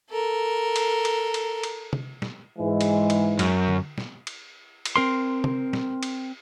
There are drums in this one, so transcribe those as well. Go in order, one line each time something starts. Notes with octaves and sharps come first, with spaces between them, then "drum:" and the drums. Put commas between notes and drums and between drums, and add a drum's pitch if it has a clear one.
A4 A#4
drum: cymbal
drum: cymbal
drum: cymbal
drum: cymbal
drum: tom
drum: snare
G#2 E3 G#3
drum: cymbal
drum: cymbal
F#2, drum: cymbal
drum: tom D3
drum: snare
drum: cymbal
drum: cymbal
C4 A#4 C6
drum: tom
drum: snare
drum: cymbal